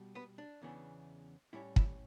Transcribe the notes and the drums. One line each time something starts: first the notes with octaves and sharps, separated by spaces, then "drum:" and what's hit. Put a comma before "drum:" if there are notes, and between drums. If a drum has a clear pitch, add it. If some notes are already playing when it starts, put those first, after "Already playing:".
Already playing: B2 G3
B3 B4
D4
E2 C#3 E3 B3 D4
A2 G3 C#4 E4
E4, drum: kick